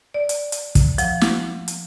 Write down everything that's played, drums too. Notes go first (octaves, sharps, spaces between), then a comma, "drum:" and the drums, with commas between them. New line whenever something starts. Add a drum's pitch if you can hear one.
D5
drum: hi-hat
drum: hi-hat
drum: kick, hi-hat
F3 F#5, drum: hi-hat
drum: snare
drum: hi-hat